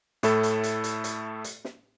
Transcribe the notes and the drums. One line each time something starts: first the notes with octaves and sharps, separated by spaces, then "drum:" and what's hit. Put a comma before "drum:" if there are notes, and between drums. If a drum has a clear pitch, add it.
A2 A3 E4 A4, drum: hi-hat
drum: hi-hat
drum: hi-hat
drum: hi-hat
drum: hi-hat
drum: hi-hat
drum: snare